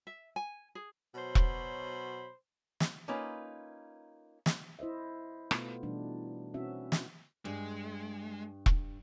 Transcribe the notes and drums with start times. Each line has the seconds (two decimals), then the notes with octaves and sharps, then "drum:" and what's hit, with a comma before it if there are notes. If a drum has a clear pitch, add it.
0.07 E5
0.36 G#5
0.75 G#4
1.14 B2 F#3 C5 C#5 B5
1.35 drum: kick E1
2.80 drum: snare
3.08 A#3 C#4 D#4 F4 B4
4.46 drum: snare
4.79 E4 C5 D#5 E5
5.51 B2 A3 B3 F4, drum: rim click
5.83 B2 E3 G3 A3 D4 D#4
6.54 B2 C4 C#4 E4 F#4 E5
6.92 drum: snare
7.45 G2 G#3
8.66 drum: kick E1